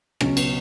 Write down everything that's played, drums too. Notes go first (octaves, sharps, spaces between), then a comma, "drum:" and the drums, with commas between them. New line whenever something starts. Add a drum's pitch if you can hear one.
C#2 B2 F#3 C#4, drum: rim click
B3, drum: cymbal